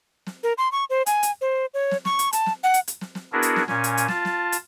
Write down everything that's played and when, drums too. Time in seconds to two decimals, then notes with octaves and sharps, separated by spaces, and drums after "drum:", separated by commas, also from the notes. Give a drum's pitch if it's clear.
0.27 drum: snare
0.43 A#4
0.58 C6
0.72 C#6
0.90 C5
1.06 G#5, drum: hi-hat
1.23 drum: hi-hat
1.41 C5
1.74 C#5
1.91 drum: snare
2.05 C#6, drum: snare
2.19 drum: hi-hat
2.33 A5, drum: hi-hat
2.46 drum: snare
2.63 F#5
2.74 drum: hi-hat
2.88 drum: hi-hat
3.01 drum: snare
3.15 drum: snare
3.33 B3 D4 E4 F#4 G#4 A#4
3.42 drum: hi-hat
3.56 drum: snare
3.68 A#2 C#4 G#5, drum: snare
3.84 drum: hi-hat
3.97 drum: hi-hat
4.08 F4 A5, drum: snare
4.25 drum: snare
4.52 drum: hi-hat